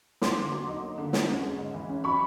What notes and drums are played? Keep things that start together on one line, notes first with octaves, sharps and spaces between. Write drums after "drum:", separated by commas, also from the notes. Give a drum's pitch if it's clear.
A#3 C6 D6, drum: snare
D3
F#3
D#4
A#3
D3
F#3, drum: snare
C#4
G#3
G#2
E3
C#4
F#3 B5 C#6